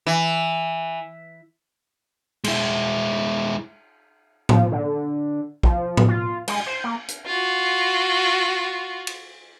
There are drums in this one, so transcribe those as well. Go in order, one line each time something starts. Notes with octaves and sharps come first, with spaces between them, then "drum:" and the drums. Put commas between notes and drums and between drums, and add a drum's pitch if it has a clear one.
E3
G#3 E4, drum: cymbal
F3, drum: tom
D3
F3, drum: kick
drum: tom
F4
G#3, drum: cymbal
C5
A#3
drum: hi-hat
F4 F#4
drum: cymbal